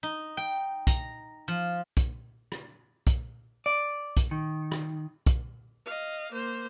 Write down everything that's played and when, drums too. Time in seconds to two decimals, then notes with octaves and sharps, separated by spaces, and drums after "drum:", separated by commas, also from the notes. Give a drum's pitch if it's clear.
0.03 D#4
0.37 G5
0.87 A#5, drum: kick, hi-hat
1.48 F3
1.97 drum: kick, hi-hat
2.52 drum: rim click
3.07 drum: kick, hi-hat
3.66 D5
4.17 drum: kick, hi-hat
4.31 D#3
4.72 drum: rim click
5.26 drum: kick, hi-hat
5.86 D#5 F5
6.32 A#3 C5